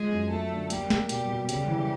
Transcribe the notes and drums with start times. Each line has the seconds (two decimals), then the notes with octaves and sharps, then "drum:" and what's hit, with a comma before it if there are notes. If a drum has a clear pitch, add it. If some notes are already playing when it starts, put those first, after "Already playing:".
Already playing: F3 G#3 G#4
0.12 F#2
0.31 F#2 A3 A4
0.51 D3
0.70 G3 A#3 G4, drum: hi-hat
0.90 A#3, drum: snare
1.09 B2 G3 G4, drum: hi-hat
1.30 B2
1.49 C#3 G3 G4, drum: hi-hat
1.68 E3